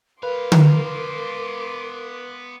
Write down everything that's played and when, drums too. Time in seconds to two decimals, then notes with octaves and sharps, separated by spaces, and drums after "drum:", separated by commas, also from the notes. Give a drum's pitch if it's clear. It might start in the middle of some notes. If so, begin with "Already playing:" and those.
0.23 B3 A#4 B4 F5 C6 D6
0.52 drum: tom D3